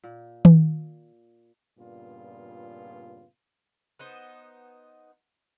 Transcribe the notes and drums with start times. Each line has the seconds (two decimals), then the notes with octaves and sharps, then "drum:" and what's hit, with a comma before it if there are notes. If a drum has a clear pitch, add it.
0.04 A#2
0.45 drum: tom D#3
1.78 G2 A#2 C#3 B3 F4
3.99 B3 D#4 C5